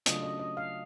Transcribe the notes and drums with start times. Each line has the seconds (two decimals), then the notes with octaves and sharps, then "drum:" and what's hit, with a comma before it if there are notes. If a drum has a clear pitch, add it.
0.06 C#3 F#3 A3 D4 F4 D#5, drum: hi-hat
0.23 D#5
0.39 D#5
0.57 F5